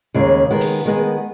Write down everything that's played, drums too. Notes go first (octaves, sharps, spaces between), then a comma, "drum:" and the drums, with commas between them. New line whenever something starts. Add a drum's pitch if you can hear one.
D#2 C#3 G#3
D#3 G#3 B3
drum: open hi-hat
D#3 G#3 B3